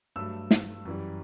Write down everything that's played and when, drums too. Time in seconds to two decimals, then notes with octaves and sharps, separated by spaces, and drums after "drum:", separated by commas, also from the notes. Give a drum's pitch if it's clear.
0.16 G2 F#3 A3 E6
0.51 drum: snare
0.85 F#2 E3 G3